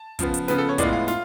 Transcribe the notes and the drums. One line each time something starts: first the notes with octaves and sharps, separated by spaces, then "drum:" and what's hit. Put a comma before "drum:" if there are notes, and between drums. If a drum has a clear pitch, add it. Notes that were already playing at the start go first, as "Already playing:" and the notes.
Already playing: A5
C#3 F3 B3, drum: kick, hi-hat
drum: hi-hat
C#3 F3 B3 B4, drum: snare
A4
C#5
A2 G#3 B3 F4 D5, drum: kick, hi-hat
F5
F4, drum: snare